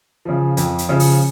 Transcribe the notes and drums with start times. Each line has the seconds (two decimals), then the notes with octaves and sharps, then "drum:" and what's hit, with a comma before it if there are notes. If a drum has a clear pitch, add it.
0.25 C#3 F3
0.57 F2, drum: hi-hat
0.78 drum: hi-hat
0.89 C#3 F3
1.00 drum: open hi-hat